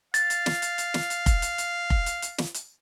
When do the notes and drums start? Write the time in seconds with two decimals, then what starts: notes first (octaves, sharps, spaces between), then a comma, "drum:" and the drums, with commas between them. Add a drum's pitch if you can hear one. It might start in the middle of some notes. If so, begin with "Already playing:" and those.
0.14 F5 A6, drum: hi-hat
0.30 drum: hi-hat
0.46 drum: snare
0.62 drum: hi-hat
0.78 drum: hi-hat
0.94 drum: snare
1.10 drum: hi-hat
1.26 drum: kick F1, hi-hat
1.42 drum: hi-hat
1.58 drum: hi-hat
1.90 drum: kick F1
2.06 drum: hi-hat
2.22 drum: hi-hat
2.38 drum: snare
2.54 drum: hi-hat